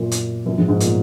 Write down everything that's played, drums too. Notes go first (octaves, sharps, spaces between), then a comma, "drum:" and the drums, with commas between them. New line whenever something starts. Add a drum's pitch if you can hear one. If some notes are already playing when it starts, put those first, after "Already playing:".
Already playing: F#2 A#2
drum: hi-hat
F#2 A#2
F2 G#2
G#2
A#2, drum: hi-hat